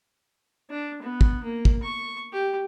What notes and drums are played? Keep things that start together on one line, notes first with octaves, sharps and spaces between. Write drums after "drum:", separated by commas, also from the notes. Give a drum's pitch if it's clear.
D4
B3
drum: kick
A#3
drum: kick
C#6
G4